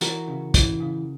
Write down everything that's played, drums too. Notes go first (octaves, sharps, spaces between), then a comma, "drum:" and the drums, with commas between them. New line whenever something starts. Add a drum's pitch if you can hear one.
E3 F#4 A#4, drum: hi-hat
C#3
E3, drum: kick, hi-hat
C#3